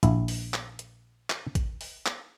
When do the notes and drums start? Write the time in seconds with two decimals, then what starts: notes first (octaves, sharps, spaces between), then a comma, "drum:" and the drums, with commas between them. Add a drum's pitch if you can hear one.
0.03 A#1 E4, drum: kick A1, hi-hat
0.28 drum: open hi-hat
0.54 drum: clap
0.79 drum: hi-hat
1.30 drum: clap
1.55 drum: kick A1, hi-hat
1.81 drum: open hi-hat
2.06 drum: clap